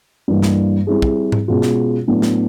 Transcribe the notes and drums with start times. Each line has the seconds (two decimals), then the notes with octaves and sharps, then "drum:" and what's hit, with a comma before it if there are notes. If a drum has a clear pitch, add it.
0.28 G2 E3 G3 A#3
0.42 drum: snare
0.87 G3 C4 E4 G#4
1.02 drum: kick
1.32 drum: tom G#2
1.48 B2 G#3 C#4 F4
1.62 drum: snare
2.08 A2 F#3 B3 D4
2.22 drum: snare